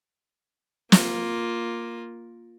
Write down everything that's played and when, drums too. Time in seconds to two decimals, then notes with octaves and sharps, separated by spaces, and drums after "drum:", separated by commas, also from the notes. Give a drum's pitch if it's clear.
0.92 A#3 F4, drum: snare